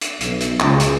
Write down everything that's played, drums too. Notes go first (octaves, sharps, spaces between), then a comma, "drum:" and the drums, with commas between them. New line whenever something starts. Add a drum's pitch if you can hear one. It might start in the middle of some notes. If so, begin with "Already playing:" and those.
drum: hi-hat
B1, drum: hi-hat
drum: hi-hat
C#2, drum: clap
drum: hi-hat